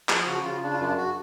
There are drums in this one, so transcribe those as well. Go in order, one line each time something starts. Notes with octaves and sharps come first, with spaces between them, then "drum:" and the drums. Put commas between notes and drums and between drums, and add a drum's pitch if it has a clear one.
F3 G#4, drum: clap
C#3 F#4
C#3 F4
C#3 D4
F4
F#2 D4
F#4